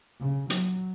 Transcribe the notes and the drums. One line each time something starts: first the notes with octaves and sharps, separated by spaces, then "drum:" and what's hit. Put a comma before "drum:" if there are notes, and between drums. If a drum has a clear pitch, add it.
C#3
F#3, drum: hi-hat